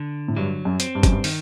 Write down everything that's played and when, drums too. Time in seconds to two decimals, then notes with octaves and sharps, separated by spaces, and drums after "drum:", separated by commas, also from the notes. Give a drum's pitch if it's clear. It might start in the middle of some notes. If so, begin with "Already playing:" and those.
Already playing: D3
0.28 A2
0.36 G2 F#3
0.65 F#2
0.80 C4, drum: hi-hat
0.95 G2
1.03 F#2, drum: kick F#1, hi-hat
1.12 G2
1.24 D#3, drum: open hi-hat